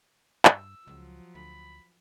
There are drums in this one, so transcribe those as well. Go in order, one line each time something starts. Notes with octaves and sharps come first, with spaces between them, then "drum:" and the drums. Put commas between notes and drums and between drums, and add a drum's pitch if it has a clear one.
G2 E6, drum: clap
C#2 F3 F#3
D2 B5